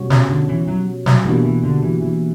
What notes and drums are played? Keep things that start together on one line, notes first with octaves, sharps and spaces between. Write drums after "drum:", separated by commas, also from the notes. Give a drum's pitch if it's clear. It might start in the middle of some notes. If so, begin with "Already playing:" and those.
Already playing: B2 G3 C#4 F#4 C#5
C#3, drum: snare
D3
E3
F#3
F#3, drum: snare
B2 E3 G3 A#3 D4 F#4
E3
D3
E3
E3